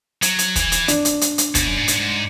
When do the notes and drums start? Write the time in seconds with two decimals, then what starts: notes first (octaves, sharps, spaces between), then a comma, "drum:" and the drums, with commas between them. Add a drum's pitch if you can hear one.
0.22 F#3, drum: hi-hat
0.39 drum: hi-hat
0.56 E3, drum: kick, hi-hat
0.72 drum: hi-hat
0.88 D4, drum: hi-hat
1.05 drum: hi-hat
1.21 drum: hi-hat
1.38 drum: hi-hat
1.55 B2, drum: kick, hi-hat
1.67 F#2
1.77 G#2
1.88 drum: hi-hat
1.99 G#2